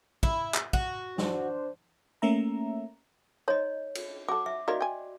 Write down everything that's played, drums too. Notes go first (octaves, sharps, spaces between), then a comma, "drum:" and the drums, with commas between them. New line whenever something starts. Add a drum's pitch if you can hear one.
E4, drum: kick
drum: clap
F#4, drum: kick
D4 C5, drum: snare
A3 A#3 C#4 E5 A#5
D#4 C5 C#5 D#5
drum: cymbal
F#4 A4 D6
E5
A#3 D#4 F#4 A#4 D5 D#5
G5 G#5